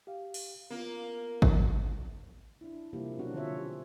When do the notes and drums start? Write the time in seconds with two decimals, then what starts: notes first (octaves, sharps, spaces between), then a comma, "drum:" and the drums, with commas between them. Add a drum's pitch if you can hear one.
0.07 G4 F5
0.34 drum: open hi-hat
0.70 A#3 B3 C#4 F4
1.42 drum: kick G#1
2.61 D4 E4
2.93 C3 F3 G3 A#3 E4 G4
3.19 B2 F#3 C#4 D4 F#4
3.33 D3 F3 C4 F4 C#5 E5
3.57 C#4 G4